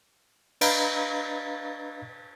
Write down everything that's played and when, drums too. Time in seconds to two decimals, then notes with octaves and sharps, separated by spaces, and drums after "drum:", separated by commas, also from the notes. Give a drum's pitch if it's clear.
0.61 D4 B4 D#5 F5 A#5 B5, drum: cymbal